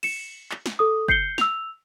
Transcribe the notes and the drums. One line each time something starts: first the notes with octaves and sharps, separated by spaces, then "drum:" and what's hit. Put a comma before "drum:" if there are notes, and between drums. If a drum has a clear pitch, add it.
C#7 E7, drum: cymbal
drum: clap
drum: snare
A4 D#6
G6 C7 C#7 G7, drum: kick
E6 F7, drum: snare